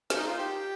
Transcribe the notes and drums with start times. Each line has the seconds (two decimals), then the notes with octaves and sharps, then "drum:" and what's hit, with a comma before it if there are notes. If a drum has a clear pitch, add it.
0.10 C#4, drum: snare
0.16 D#4
0.27 F4
0.39 G4